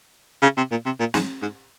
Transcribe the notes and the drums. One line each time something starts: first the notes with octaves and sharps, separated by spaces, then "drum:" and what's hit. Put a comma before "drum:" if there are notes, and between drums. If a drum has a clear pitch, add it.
C#3
C3
A#2
C3
A#2
G#2, drum: snare
G#2